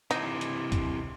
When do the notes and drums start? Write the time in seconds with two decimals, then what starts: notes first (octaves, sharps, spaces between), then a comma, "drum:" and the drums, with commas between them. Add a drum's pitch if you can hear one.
0.11 C3 E3 D#4, drum: hi-hat
0.41 drum: hi-hat
0.72 drum: kick, hi-hat